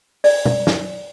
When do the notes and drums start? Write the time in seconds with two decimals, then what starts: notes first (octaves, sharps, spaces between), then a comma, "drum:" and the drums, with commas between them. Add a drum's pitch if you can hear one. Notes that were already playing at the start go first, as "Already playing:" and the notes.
0.24 D5, drum: open hi-hat
0.45 drum: tom B2
0.67 drum: snare